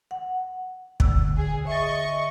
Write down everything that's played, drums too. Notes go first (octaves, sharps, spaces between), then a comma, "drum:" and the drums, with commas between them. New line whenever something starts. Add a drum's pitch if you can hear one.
F#5
D3 E6, drum: kick
G#4
D#5 E5 C#6 A6